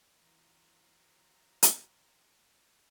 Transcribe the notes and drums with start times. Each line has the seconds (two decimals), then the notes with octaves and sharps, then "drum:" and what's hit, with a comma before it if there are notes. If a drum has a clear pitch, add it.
0.22 E3 F#3 C4 F4 A#5
1.63 drum: hi-hat